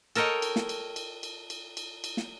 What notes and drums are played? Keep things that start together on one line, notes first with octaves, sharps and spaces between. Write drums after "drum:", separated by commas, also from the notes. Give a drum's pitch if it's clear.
A4 A#4 C#5 D#5 G5, drum: cymbal
drum: cymbal
drum: snare
drum: cymbal
drum: cymbal
drum: cymbal
drum: cymbal
drum: cymbal
drum: cymbal
drum: snare